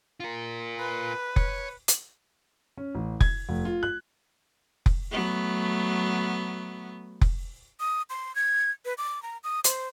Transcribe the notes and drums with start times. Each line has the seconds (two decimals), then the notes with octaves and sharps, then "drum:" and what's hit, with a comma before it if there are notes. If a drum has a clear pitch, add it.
0.20 F4 A#4
0.79 B4
1.36 C#5, drum: kick F1
1.88 drum: hi-hat
2.78 C#4
2.95 A1
3.21 G#6, drum: kick F1
3.49 F1
3.65 F4
3.83 F#6
4.86 drum: kick F1
5.11 F#3 A3 B3
7.21 drum: kick F1
7.80 D#6
8.10 C6
8.35 G#6
8.85 B4
8.98 D6
9.22 A#5
9.44 D#6
9.64 C5, drum: hi-hat